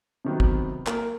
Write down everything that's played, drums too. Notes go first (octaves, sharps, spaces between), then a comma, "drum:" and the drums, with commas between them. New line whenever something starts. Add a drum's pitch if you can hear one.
C3 D#3 F#3 B3
drum: kick
A#3 A#4, drum: clap